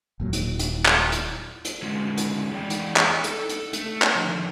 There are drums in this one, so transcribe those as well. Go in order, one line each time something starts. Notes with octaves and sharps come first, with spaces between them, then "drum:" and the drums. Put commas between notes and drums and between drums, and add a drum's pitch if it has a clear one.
D#1 A#2 F#3
drum: hi-hat
drum: hi-hat
drum: clap
drum: hi-hat
drum: hi-hat
D3 G#3 B3 C#4 F#4
drum: hi-hat
E2 G#3 D4 D5 G5
drum: hi-hat
drum: clap
A4, drum: hi-hat
drum: hi-hat
A3, drum: hi-hat
drum: clap
D3 D#3 F3